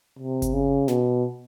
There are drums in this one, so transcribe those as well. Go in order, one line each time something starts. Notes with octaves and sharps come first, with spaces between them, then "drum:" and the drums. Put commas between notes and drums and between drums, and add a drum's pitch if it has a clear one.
C3
drum: kick G1, hi-hat
C#3
B2, drum: snare